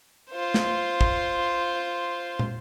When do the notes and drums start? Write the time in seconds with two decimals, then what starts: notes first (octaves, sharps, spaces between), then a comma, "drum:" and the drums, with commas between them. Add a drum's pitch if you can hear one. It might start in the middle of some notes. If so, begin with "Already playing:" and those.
0.31 F4 C5
0.54 drum: snare
1.01 drum: kick
2.39 drum: tom